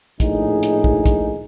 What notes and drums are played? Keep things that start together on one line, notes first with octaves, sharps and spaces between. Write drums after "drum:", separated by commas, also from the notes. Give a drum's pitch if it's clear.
A#1 A2 D#4 G#4, drum: kick, hi-hat
drum: hi-hat
drum: kick
drum: kick, hi-hat